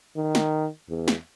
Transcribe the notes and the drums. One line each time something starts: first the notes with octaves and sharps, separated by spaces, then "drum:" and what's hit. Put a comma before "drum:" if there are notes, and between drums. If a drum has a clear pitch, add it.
D#3
drum: snare
E2
drum: snare